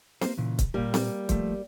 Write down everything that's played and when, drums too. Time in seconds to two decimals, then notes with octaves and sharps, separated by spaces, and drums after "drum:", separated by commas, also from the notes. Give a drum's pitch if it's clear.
0.21 A#3 C5, drum: snare C4
0.37 A#2 C#3 E3
0.59 drum: kick C#1, hi-hat
0.74 A#2 G3 A#3 G4
0.94 drum: snare C4
1.29 F3 A3, drum: kick C#1, hi-hat